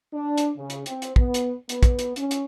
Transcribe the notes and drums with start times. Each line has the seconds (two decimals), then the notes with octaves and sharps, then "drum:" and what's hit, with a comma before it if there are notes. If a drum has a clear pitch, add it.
0.13 D4
0.38 drum: hi-hat
0.57 C#3
0.70 drum: hi-hat
0.86 C4, drum: hi-hat
1.02 drum: hi-hat
1.16 B3, drum: kick
1.34 drum: hi-hat
1.69 B3, drum: hi-hat
1.83 drum: kick, hi-hat
1.99 drum: hi-hat
2.16 C#4, drum: hi-hat
2.31 drum: hi-hat